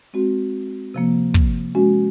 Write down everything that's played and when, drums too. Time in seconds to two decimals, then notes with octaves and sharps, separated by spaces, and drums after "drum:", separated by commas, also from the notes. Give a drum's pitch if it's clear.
0.13 G#3 C4 F#4
0.94 C3 F3 A#3
1.34 drum: kick
1.75 G#3 C#4 F#4